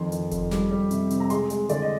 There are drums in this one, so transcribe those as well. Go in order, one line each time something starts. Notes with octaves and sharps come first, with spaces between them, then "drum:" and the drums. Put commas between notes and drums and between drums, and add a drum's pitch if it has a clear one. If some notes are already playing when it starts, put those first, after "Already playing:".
Already playing: F2 D#3 C6
D#3, drum: hi-hat
F2, drum: kick F#1, hi-hat
G3 D6, drum: snare
G3
C3, drum: hi-hat
C4, drum: hi-hat
A#5
G#3 C6, drum: hi-hat
G#3, drum: hi-hat
D3 D5, drum: hi-hat
D#5